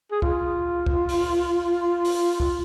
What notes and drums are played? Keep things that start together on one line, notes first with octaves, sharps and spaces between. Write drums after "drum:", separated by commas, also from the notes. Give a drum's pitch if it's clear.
G#4
F4, drum: kick C#2
drum: kick C#2
drum: open hi-hat
drum: open hi-hat
F4, drum: kick C#2